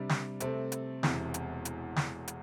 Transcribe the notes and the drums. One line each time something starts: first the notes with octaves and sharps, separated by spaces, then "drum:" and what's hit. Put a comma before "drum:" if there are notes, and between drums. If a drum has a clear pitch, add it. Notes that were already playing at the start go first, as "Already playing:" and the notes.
Already playing: C3 G3 D4
drum: snare
C3 A3 C4 A4, drum: hi-hat
drum: hi-hat
E1 E2 C3, drum: snare
drum: hi-hat
drum: hi-hat
drum: snare
drum: hi-hat